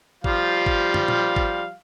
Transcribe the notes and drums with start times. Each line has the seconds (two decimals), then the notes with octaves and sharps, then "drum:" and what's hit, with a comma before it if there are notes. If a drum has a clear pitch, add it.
0.24 F3 G3 F5, drum: kick G#1
0.66 drum: kick G#1
0.94 drum: tom
1.08 drum: tom A#2
1.36 drum: kick G#1